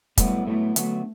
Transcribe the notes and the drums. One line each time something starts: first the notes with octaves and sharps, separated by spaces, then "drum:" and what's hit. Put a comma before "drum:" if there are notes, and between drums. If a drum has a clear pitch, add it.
A2 F#3 G3 B3 E4, drum: kick, hi-hat
A2 F#3 A3 B3 E4
D3 F#3 A3 B3 F#4, drum: hi-hat